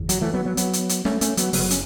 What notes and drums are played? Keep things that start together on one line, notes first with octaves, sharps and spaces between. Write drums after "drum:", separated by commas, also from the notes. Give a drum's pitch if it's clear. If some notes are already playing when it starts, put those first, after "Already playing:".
Already playing: F#1 E2 C#3
F#3, drum: hi-hat
E3 A3
F#3 B3
F#3 B3
F#3 B3, drum: hi-hat
drum: hi-hat
drum: hi-hat
A3 C#4, drum: snare
A3 C#4, drum: hi-hat
F#3 B3, drum: hi-hat
F#1 E2 C#3 F#3 B3, drum: open hi-hat
C#4, drum: hi-hat